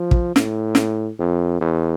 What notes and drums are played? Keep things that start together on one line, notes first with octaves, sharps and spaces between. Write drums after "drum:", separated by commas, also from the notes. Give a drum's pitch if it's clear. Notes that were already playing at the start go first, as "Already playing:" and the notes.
Already playing: F3
drum: kick
A2, drum: snare
drum: snare
F2
E2